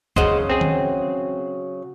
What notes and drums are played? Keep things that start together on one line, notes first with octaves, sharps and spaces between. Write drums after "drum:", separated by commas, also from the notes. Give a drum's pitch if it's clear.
C#3 F#3 C5 D#5 F#5, drum: kick C2
C4 G#4
drum: tom D#3